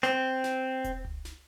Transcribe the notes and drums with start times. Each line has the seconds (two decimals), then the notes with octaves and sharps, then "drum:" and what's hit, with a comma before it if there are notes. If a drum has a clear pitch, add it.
0.03 C4, drum: snare
0.44 drum: snare
0.84 drum: kick E1, hi-hat
1.05 drum: tom C#2
1.25 drum: snare